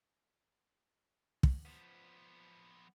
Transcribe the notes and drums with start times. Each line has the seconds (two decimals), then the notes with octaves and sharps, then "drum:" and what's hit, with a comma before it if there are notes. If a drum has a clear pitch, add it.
1.43 drum: kick
1.65 F3 B3